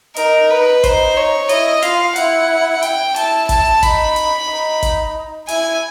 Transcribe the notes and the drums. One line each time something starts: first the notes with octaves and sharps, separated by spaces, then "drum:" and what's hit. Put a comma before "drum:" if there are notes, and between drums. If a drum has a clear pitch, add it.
D#4 A#4, drum: hi-hat
B4
D#4 C5, drum: kick, hi-hat
C#5
E4 D#5, drum: hi-hat
F4 F5, drum: hi-hat
E4 F#5, drum: hi-hat
G5, drum: hi-hat
E4 A5, drum: hi-hat
A5, drum: kick, hi-hat
D#4 B5, drum: kick, hi-hat
drum: hi-hat
D#4
drum: kick, hi-hat
E4 G#5, drum: hi-hat